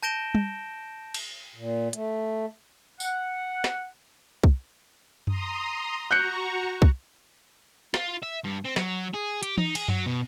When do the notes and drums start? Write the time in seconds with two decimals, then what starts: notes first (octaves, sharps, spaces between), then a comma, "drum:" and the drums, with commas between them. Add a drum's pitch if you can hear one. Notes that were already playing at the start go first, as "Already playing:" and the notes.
0.03 A5 G6 A#6 D7 E7 G7
0.35 drum: tom G3
1.14 drum: cymbal
1.56 A#2
1.93 A3, drum: hi-hat
3.00 F#5, drum: tambourine
3.64 drum: snare
4.44 drum: kick
5.27 A#5 C6 D#6, drum: tom F#2
6.11 F#4 A#5 C#6 F#6 G6 C#7
6.82 drum: kick
7.94 F4, drum: snare
8.23 E5
8.44 G2
8.65 C4
8.76 F#3, drum: snare
9.14 G#4
9.43 G4, drum: hi-hat
9.58 D#4, drum: tom E3
9.75 G#4, drum: cymbal
9.88 F#3, drum: tom F#2
10.06 B2